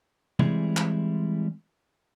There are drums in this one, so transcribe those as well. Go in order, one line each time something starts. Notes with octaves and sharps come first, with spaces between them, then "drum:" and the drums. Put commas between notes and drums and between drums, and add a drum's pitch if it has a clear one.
E3 G3 G#3 C4 E4 G#4, drum: tom
drum: clap